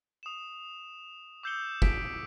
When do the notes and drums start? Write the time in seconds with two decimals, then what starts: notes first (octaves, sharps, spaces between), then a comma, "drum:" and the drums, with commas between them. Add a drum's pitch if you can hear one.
0.23 D#6 E7
1.43 D6 E6 G6 C7 C#7 G7
1.82 G6 B6 D7 G7, drum: kick